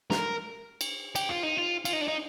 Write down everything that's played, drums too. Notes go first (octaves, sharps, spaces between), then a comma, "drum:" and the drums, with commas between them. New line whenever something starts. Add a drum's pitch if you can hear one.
A#4, drum: snare
drum: cymbal
G4, drum: cymbal
F4
D#4
F4
F4, drum: cymbal
D#4
D4
D#4